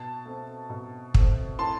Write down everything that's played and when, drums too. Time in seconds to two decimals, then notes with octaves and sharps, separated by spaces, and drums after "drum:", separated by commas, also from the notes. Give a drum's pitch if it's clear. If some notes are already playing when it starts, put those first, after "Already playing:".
Already playing: B2 A5
0.26 A3 C4
0.70 B2
1.14 A3 C4, drum: kick
1.58 A2 A5 C6